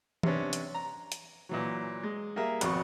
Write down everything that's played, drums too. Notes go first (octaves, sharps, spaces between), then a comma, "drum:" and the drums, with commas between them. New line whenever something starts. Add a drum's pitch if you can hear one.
C3 B3 C#4 D4, drum: tom E3
drum: hi-hat
A#5
drum: hi-hat
A#2 E3 F#3
G#3
G3 A#3 G#4 A#4 E5
G#1 F2 B2 C#6, drum: hi-hat